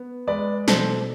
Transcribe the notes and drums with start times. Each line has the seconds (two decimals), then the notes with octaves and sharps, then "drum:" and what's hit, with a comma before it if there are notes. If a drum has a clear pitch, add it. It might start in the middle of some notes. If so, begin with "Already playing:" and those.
Already playing: B3
0.27 G#3 B4 D5
0.68 B2 A4 C5, drum: snare